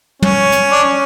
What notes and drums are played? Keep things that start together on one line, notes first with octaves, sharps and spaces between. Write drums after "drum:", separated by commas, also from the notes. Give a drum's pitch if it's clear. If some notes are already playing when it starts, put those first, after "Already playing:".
C#4, drum: tom
drum: hi-hat
D4
C#4